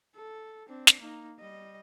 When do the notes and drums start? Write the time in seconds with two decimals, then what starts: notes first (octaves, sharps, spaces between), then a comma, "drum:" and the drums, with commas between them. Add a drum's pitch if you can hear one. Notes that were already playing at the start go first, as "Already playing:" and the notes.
0.15 A4
0.68 C4 D4
0.87 drum: snare
1.00 A#3 D#4
1.39 G3 D#5